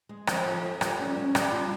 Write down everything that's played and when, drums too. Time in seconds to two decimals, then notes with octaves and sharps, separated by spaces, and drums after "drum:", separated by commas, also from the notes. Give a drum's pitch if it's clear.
0.09 G#3
0.27 F2 C4, drum: rim click
0.46 F3
0.63 F3
0.81 G3, drum: rim click
0.99 C#4
1.17 C#4
1.35 G2 G3, drum: rim click
1.52 F4